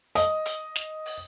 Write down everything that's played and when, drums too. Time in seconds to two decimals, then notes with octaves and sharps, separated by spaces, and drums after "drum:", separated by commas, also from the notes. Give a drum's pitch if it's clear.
0.15 D#5, drum: hi-hat
0.45 drum: hi-hat
0.76 drum: snare
1.06 drum: open hi-hat